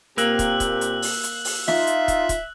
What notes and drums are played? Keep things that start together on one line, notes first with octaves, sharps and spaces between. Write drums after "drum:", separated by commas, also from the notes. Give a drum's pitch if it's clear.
A#2 A#3 C4 G4 E6 F#6 F#7, drum: hi-hat
drum: kick, hi-hat
drum: kick, hi-hat
drum: hi-hat
drum: open hi-hat
drum: hi-hat
drum: open hi-hat
D#4 F4 E5, drum: snare
drum: hi-hat
drum: kick, hi-hat
drum: kick, hi-hat